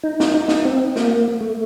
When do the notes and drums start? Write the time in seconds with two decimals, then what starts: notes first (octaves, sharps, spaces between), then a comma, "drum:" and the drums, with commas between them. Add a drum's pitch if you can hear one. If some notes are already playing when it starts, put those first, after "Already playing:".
0.03 D#4
0.20 drum: snare
0.34 D#4
0.48 drum: snare
0.65 C4
0.96 A#3, drum: snare
1.41 A3